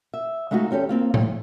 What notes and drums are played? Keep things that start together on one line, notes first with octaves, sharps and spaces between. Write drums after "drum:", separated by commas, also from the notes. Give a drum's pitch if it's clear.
E5
G#3 A3 D#4 F4 F#4
E2 C#4 G4 A4
A#3 C4 F4
A2, drum: tom